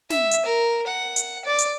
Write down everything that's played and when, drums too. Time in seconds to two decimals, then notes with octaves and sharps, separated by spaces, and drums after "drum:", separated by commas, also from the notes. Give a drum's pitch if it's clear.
0.10 E5, drum: snare
0.31 drum: hi-hat
0.46 A#4
0.87 F#5
1.16 drum: hi-hat
1.45 D5
1.59 drum: hi-hat